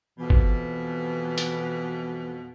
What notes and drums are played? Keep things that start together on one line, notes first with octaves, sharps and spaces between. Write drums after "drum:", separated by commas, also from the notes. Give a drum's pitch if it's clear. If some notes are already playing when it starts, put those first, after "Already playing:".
F2 B2 E3
drum: kick G1
drum: hi-hat